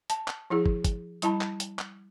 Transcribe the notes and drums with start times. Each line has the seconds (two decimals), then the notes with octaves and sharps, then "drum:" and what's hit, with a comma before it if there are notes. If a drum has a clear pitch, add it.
0.10 A5, drum: hi-hat
0.28 drum: clap
0.50 F3 E4 G#4
0.66 drum: kick
0.84 drum: kick, hi-hat
1.22 G3 E4 A5 B5, drum: hi-hat
1.41 drum: clap
1.60 drum: hi-hat
1.79 drum: clap